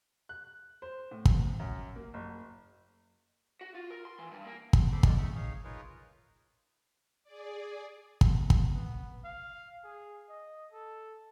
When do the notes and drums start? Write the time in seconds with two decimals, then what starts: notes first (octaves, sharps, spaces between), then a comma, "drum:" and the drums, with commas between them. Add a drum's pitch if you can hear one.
0.29 F#6
0.82 C5
1.11 A2
1.25 drum: kick
1.60 F#2
1.96 A#3
2.14 F#1
3.61 F#4
3.75 F4
3.90 A#4
4.05 C6
4.19 E3
4.31 G2
4.44 A#3
4.73 drum: kick
4.92 A4 C5 B5 C6 D6
5.03 G#3 A3 A#4 D5, drum: kick
5.18 D#4 G#4 E5 C#6
5.35 D#4 G#4 C#5 F5
5.64 D#4 F4 G#4 A#4 B4 C#5
7.24 G#4 D5
8.21 drum: kick
8.50 drum: kick
8.74 B3
9.25 F5
9.84 G#4
10.29 D#5
10.72 A4